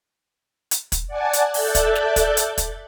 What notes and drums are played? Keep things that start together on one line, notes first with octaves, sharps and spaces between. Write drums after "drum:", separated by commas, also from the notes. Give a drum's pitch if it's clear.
drum: hi-hat
drum: kick, hi-hat
D5 F#5 G#5 A5
drum: hi-hat
A4 D5 E5 F#6 G6 A6, drum: open hi-hat
drum: kick, hi-hat
drum: snare
drum: kick, hi-hat
drum: hi-hat
drum: kick, hi-hat